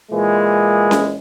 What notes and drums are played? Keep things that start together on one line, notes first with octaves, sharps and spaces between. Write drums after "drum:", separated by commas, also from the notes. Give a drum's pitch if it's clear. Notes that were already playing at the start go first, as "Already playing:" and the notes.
A#2 E3 G#3
drum: snare C#4